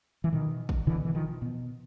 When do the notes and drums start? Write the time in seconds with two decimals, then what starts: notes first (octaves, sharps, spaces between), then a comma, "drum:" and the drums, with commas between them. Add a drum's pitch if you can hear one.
0.24 E3
0.33 B2 D#3
0.69 drum: kick
0.87 B2 D3 E3
1.05 E3
1.15 D#3 F3
1.42 B2